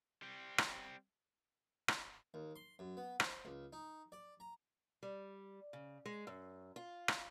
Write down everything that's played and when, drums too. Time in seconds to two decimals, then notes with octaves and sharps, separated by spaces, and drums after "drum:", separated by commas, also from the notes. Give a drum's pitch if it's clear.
0.22 G3 C4
0.58 drum: rim click
1.88 drum: rim click
2.34 D#2
2.56 C6
2.79 F#2
2.97 B3
3.20 C5, drum: rim click
3.45 C#2
3.73 D#4
4.12 D5
4.40 A#5
5.03 G3
5.73 C#3
6.06 G#3
6.27 F#2
6.76 F4
7.08 drum: rim click